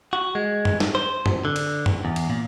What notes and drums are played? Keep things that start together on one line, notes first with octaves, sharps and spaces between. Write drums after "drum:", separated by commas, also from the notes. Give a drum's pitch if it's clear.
F#4
G#3
drum: tom F#2
drum: snare
C5
drum: tom F#2
D3
drum: cymbal
drum: tom F#2
E2
drum: cymbal
A#2